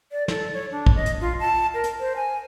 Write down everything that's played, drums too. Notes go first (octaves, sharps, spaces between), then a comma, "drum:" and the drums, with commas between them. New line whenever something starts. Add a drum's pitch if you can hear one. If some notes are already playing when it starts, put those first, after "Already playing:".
D5
A4, drum: snare
C#5
D4
drum: kick
D#5
drum: hi-hat
F4
A5
A#4
drum: hi-hat
C5
G#5